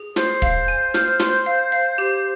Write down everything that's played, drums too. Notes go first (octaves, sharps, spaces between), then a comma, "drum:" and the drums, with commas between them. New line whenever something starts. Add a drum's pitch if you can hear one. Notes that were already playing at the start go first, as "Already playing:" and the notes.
Already playing: G#4
C5 C6, drum: snare
F5, drum: kick
G#5
F6, drum: snare
C6, drum: snare
F5
F5
G4